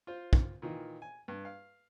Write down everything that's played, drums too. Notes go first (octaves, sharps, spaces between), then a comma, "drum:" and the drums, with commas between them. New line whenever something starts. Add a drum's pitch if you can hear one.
F4 C5
drum: kick
A#2 D#3 E3
G#5
G2
F5